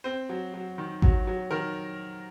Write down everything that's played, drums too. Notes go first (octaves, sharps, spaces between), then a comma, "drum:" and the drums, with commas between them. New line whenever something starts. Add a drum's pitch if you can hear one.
C4 C5
F#3
F#3
D#3
F#3, drum: kick G#1
F#3
D#3 A#4